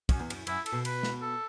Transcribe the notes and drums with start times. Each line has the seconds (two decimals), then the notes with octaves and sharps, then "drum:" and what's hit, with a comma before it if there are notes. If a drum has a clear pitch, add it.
0.09 F#2, drum: kick, cymbal
0.20 E2
0.30 F#2, drum: cymbal
0.47 F#2 E4, drum: cymbal
0.66 A4, drum: cymbal
0.72 B2
0.85 B4, drum: cymbal
1.03 drum: snare
1.22 A4